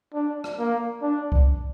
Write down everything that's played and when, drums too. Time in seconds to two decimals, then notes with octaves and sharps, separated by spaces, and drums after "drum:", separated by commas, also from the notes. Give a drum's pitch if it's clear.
0.14 D4
0.44 drum: rim click
0.59 A#3
1.02 D4
1.32 drum: kick C2